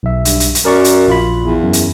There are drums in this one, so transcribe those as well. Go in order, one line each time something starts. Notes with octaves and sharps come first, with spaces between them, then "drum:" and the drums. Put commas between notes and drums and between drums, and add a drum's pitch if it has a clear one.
B1 E5
G2, drum: hi-hat
drum: hi-hat
drum: hi-hat
F#2 A#4 D5 C#6
drum: hi-hat
A#1 F4 B5
E2
F#2
drum: hi-hat